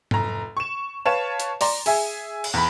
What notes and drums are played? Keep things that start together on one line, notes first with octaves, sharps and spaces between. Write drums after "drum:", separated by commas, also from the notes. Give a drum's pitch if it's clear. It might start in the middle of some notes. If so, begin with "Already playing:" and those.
F1 A#5, drum: tom G#2
C#6 E7
B4 C#5 F5 A5 E7
drum: hi-hat
D5 A#5 C6, drum: open hi-hat
G#4 E5 G#5, drum: open hi-hat
drum: cymbal
E2 B5